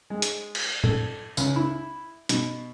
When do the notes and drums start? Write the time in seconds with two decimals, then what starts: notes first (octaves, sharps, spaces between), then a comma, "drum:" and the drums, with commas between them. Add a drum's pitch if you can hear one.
0.10 G#3
0.22 drum: hi-hat
0.55 drum: cymbal
0.84 A4, drum: tom
1.37 C#2, drum: tambourine
1.56 E4
2.29 B2, drum: hi-hat